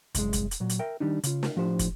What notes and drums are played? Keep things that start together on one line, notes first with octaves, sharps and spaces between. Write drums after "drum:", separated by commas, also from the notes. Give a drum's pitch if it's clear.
C2 F#2 G#3, drum: kick, hi-hat
drum: kick, hi-hat
drum: hi-hat
A#2 F#3
drum: hi-hat
A#4 E5 G5
D#3 G3 D4 D#4
C#3 F4, drum: hi-hat
drum: snare
A2 F3 D4 G4 C5
drum: kick, hi-hat